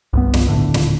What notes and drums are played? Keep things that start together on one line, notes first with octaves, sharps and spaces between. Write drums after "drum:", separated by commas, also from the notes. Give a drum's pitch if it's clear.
C2 G2 B3
drum: snare
D#1 G#1 A2 D3
drum: snare